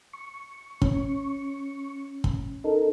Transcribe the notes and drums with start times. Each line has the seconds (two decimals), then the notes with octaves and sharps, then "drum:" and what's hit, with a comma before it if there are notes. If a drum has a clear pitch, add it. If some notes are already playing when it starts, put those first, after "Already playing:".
0.13 C#6
0.82 C#4, drum: kick
2.24 drum: kick
2.64 D#4 A4 A#4